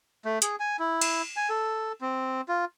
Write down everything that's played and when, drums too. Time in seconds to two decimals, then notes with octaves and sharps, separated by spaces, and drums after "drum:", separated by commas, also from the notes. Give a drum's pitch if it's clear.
0.25 A3
0.42 G#4, drum: hi-hat
0.60 G#5
0.79 E4
1.01 drum: cymbal
1.36 G#5
1.50 A4
2.01 C4
2.48 F4